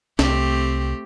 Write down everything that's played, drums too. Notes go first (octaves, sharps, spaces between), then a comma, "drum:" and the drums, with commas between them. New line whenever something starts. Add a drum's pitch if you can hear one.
C2 A3 C4 G4, drum: snare